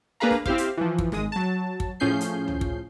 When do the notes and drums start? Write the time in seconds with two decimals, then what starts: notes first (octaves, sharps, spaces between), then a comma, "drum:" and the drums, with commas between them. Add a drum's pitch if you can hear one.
0.20 A#3 D4 G#4 B4 F5 A#5
0.31 drum: snare
0.46 C4 E4 G4 C5 F5, drum: kick
0.58 drum: hi-hat
0.77 E3 F3
0.99 drum: kick
1.12 G#1 G#3 D#6, drum: snare
1.32 F#3 A5
1.80 drum: kick
2.00 A2 F3 C#4 G#4 G6 C7
2.21 drum: hi-hat
2.48 drum: tom C#2
2.61 drum: kick